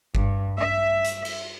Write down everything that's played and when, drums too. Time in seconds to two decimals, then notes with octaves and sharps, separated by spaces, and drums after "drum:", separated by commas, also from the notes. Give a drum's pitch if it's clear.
0.15 G2, drum: kick G1
0.58 E5
1.05 drum: hi-hat
1.25 drum: cymbal